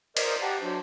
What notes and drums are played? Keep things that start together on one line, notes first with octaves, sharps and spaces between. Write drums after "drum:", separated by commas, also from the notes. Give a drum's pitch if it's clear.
A#4 C5 D5 D#5, drum: cymbal
G4 F#5 A5 A#5
F#3 D4 C5